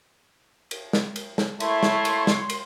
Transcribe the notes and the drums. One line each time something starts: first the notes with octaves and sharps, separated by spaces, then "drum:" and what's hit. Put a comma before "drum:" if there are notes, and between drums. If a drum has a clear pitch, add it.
drum: cymbal
drum: snare
drum: cymbal
drum: snare
A3 E4 C#5 C6, drum: cymbal
drum: snare
drum: cymbal
drum: snare
drum: cymbal